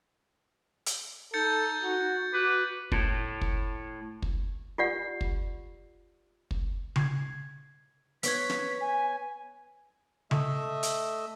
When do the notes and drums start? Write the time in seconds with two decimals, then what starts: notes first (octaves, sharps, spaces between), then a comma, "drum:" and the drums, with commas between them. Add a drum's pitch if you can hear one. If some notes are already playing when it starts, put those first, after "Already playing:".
0.86 drum: hi-hat
1.34 D#4 A4 G6 A6 C#7
1.82 F#4
2.33 F#4 B4 D6
2.92 A2, drum: kick
3.41 drum: kick
4.22 drum: kick
4.78 F4 G4 D5 F#5
5.21 drum: kick
6.51 drum: kick
6.96 G#6 C7, drum: tom C#3
8.23 B3 C#5 G#6 B6, drum: hi-hat
8.49 drum: snare
8.81 G#5
10.31 A3 D#5 E5, drum: tom C#3
10.83 drum: hi-hat